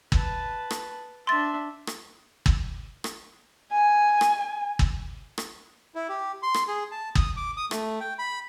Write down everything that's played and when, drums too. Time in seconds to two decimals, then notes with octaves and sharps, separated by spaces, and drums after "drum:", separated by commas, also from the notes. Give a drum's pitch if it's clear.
0.12 B4 A5, drum: kick G1
0.71 drum: rim click
1.27 D4 E5 C6 A6
1.87 drum: rim click
2.46 drum: kick G1
3.04 drum: rim click
3.72 G#5
4.21 drum: rim click
4.79 drum: kick G1
5.38 drum: rim click
5.95 E4
6.09 G4
6.43 C6
6.54 drum: rim click
6.68 G#4
6.91 A5
7.15 D#6, drum: kick G1
7.37 D6
7.57 D#6
7.71 A3, drum: rim click
8.00 G5
8.19 B5